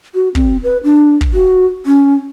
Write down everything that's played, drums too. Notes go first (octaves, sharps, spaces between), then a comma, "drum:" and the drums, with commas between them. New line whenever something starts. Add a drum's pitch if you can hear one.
F#4
C4, drum: kick
B4
D4
drum: kick
F#4
C#4